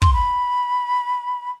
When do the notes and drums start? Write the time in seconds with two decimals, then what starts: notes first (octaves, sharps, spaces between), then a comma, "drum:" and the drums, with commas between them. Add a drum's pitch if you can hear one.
0.02 C6, drum: kick
0.13 B5